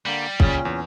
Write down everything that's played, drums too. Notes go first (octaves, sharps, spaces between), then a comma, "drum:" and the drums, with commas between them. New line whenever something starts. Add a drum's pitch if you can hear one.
D3 G3 A#3
A#2 C#3 C#4, drum: kick
E2